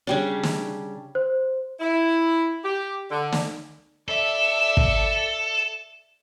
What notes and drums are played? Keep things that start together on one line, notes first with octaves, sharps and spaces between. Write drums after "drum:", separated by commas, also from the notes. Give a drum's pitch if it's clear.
C#3 G3 D4
drum: snare
C5
E4
G4
D3
drum: snare
A4 D5 E5
drum: kick